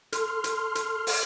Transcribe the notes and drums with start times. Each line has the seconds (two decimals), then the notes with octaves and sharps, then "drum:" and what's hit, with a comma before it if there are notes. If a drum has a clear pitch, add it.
0.12 A4 C6 F6, drum: hi-hat
0.44 drum: hi-hat
0.75 drum: hi-hat
1.07 drum: open hi-hat